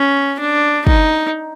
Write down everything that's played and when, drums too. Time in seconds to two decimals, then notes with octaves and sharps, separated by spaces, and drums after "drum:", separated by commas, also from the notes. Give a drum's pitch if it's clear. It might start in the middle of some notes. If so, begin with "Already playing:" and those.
Already playing: C#4
0.40 D4
0.87 D#4, drum: kick